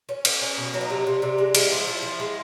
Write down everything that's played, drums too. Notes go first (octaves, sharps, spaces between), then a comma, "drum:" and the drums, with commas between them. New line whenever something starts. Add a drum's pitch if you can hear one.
C#4
C#4, drum: cymbal
C#4
B2
F#3
D#4
C3 D4
C3
C3 D4
G#3
G#3 E4, drum: cymbal
F3
F3
F3
G#3